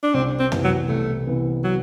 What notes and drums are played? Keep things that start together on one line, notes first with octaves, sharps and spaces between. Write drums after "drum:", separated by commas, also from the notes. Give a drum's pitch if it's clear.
D4
C2 C4
C4
C3 E3 B3, drum: tom
F#3
C2 A3
C3 E3 B3
F#3